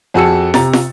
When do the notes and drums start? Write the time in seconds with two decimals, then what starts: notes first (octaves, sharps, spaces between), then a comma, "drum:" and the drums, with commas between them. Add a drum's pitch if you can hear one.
0.14 F2 F#4 G#4 A5 E6 C#7
0.54 C3 A#5 A6, drum: snare
0.73 drum: snare